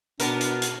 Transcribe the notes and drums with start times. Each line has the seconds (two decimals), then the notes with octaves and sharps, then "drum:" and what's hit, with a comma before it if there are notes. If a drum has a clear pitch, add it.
0.20 B2 B3 D4 A#4, drum: hi-hat
0.41 drum: hi-hat
0.62 drum: hi-hat